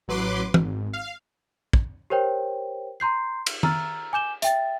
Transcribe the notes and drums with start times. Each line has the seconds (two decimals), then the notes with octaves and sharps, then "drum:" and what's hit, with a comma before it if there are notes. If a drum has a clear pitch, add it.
0.08 A1 F#3 B4 C6 D6
0.54 G#1, drum: tom
0.93 F5
1.73 drum: kick
2.10 G4 A#4 C5 C#5 G5
3.00 A#5 C6 G6 C7
3.46 drum: cymbal
3.63 A#5 E6 F6 A6, drum: tom
4.13 G#5 D6 G6 E7 G7
4.42 E5 G5 A6, drum: hi-hat